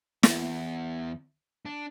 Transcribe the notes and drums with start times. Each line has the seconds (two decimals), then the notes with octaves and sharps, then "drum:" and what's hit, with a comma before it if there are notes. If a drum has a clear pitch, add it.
0.23 E2, drum: snare
1.66 D4